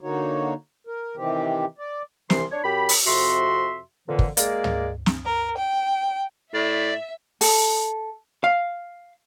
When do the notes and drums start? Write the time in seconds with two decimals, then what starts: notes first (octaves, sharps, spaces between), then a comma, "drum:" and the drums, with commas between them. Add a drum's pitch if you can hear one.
0.01 D3 A#3 D#4 F#4 C#5
0.87 A#4
1.16 C3 D#3 E3 C4 G4
1.78 D5
2.30 C2 C3 E3 C6, drum: snare
2.51 D4 C#5
2.64 F#2 G4 B5
2.89 drum: open hi-hat
3.07 F2 C3 F#4 E5 C6
4.08 F2 A#2 D3 E3
4.19 drum: kick
4.37 G#3 A#3 D5, drum: hi-hat
4.64 drum: tom
5.06 drum: snare
5.25 A#4
5.57 G5
6.54 A2 D5 E5
7.41 A4, drum: open hi-hat
8.44 F5